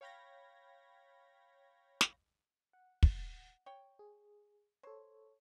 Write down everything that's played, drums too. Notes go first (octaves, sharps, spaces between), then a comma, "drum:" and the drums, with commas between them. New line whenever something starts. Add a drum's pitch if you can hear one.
C#5 F5 G5 B5 G#6 A#6
drum: snare
F#5
drum: kick
C#5 G5
G#4
A4 C5 C#5